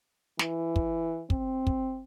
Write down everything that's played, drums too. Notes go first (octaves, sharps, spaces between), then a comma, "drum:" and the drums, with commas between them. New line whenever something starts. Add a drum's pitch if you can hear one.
E3, drum: snare
drum: kick
C4, drum: kick
drum: kick